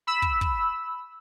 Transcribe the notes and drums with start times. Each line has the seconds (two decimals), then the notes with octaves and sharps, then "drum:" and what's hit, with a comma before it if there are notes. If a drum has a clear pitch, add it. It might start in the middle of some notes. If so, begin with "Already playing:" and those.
0.07 B5 E6
0.22 drum: kick
0.41 drum: kick